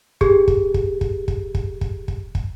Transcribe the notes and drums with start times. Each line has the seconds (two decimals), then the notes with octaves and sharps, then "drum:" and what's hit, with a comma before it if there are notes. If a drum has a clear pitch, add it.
0.21 G4 G#4, drum: kick
0.48 drum: kick
0.74 drum: kick
1.01 drum: kick
1.28 drum: kick
1.55 drum: kick
1.81 drum: kick
2.08 drum: kick
2.35 drum: kick